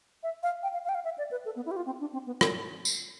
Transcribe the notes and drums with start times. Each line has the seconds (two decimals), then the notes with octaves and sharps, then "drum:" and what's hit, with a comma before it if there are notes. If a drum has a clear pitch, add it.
0.23 E5
0.43 F5
0.63 G5
0.73 F5
0.84 F5
0.89 G5
0.95 F5
1.04 E5
1.18 D5
1.31 B4
1.45 A4
1.56 B3
1.66 E4
1.71 G4
1.76 F4
1.86 C4
2.00 D4
2.13 C4
2.26 B3
2.41 C4, drum: rim click
2.85 drum: tambourine